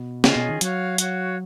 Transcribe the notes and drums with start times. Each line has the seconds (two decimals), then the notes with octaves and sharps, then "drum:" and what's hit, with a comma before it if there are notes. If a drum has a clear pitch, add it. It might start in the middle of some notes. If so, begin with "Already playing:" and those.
Already playing: B2
0.24 C#3 C#4 F4 G#4 D#5, drum: snare
0.36 B2
0.49 D#3
0.61 F#3 F#4 C#5 F5, drum: hi-hat
0.98 F#4 C#5 F5, drum: hi-hat